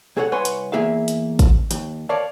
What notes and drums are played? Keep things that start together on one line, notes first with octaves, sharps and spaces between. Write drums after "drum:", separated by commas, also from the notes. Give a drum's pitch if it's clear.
B1 G#4 A4 C#5 F#5
C2 B4 C#5 F#5 G#5 C6
drum: hi-hat
E2 A#3 G#4 E5 F5
drum: hi-hat
drum: kick, hi-hat
D#2, drum: hi-hat
A#4 C#5 D5 F5 A5